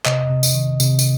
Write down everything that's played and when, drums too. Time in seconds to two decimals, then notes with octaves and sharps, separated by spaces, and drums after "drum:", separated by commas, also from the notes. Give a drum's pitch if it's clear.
0.05 C3 D#5, drum: clap
0.30 C3
0.43 drum: tambourine
0.55 D#3
0.80 C3, drum: tambourine
0.99 drum: tambourine